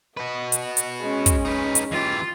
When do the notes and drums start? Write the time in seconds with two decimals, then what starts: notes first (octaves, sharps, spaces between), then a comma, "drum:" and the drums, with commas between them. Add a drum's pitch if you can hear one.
0.17 F#4 B4 D#5
0.52 drum: hi-hat
0.77 drum: hi-hat
1.01 G#3 C#4
1.26 drum: kick, hi-hat
1.45 D#4 B4
1.75 drum: hi-hat
1.92 E3 F4 G4